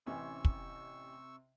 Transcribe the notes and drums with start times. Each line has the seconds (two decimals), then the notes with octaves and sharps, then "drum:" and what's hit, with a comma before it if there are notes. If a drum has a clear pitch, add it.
0.06 A1 C3 E3 C#4 C5 C#6 E6
0.45 drum: kick